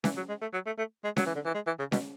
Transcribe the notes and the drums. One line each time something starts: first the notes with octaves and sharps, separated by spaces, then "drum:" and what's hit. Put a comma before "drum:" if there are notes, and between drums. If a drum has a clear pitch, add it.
E3, drum: snare C#4
F#3
G#3
A3
F#3
A3
A3
G#3
F#3, drum: snare C#4
E3
D3
E3
G#3
E3
C#3
B2, drum: snare C#4